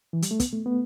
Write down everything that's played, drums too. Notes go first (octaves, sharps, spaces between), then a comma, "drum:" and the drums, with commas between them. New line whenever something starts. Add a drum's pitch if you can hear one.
E3
G3, drum: hi-hat
A3
B3, drum: kick, hi-hat
A3
B3